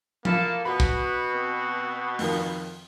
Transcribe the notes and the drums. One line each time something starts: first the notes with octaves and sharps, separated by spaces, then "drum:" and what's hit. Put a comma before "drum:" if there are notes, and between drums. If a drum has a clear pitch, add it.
F3 A#3 E4 A4 F5, drum: tom F3
B2 F#4 B4 B5
drum: kick
C4
F2 D#3, drum: open hi-hat